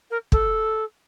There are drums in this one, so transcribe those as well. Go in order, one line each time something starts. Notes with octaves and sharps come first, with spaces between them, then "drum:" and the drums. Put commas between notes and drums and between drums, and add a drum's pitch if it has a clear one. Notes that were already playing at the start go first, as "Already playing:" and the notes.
A#4
A4, drum: kick